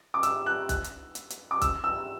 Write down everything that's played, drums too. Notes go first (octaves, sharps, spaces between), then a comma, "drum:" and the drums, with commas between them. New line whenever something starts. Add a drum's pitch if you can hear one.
D6
E6, drum: hi-hat
F#6
F#6, drum: kick B1, hi-hat
drum: hi-hat
drum: hi-hat
drum: hi-hat
D6
E6, drum: kick B1, hi-hat
E6